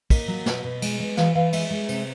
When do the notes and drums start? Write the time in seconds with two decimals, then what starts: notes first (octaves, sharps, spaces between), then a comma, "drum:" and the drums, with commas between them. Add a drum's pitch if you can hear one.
0.10 A#3 D#5, drum: kick, cymbal
0.28 F#3
0.46 B2, drum: snare
0.64 B2
0.82 G#3, drum: cymbal
1.00 G#3
1.17 E3 F5, drum: snare
1.35 E3 F5
1.53 G#3 E5, drum: cymbal
1.70 G#3
1.89 C3, drum: cymbal